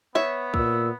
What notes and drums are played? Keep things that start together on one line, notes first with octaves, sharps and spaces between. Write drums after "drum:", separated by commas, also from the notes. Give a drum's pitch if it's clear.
B3 C#5 E5
A#2 E6, drum: kick